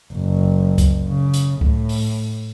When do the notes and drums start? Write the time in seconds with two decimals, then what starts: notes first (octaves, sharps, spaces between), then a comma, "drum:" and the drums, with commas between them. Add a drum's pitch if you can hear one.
0.14 F#1
0.78 drum: kick C#2, hi-hat
1.08 C#3
1.34 drum: hi-hat
1.61 A2, drum: kick C#2
1.89 drum: open hi-hat